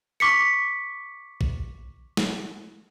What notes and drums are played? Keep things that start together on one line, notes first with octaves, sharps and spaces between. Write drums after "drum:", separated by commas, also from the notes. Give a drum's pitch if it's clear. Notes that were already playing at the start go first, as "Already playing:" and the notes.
C#6 D6 B6 C#7
drum: kick A#1
drum: snare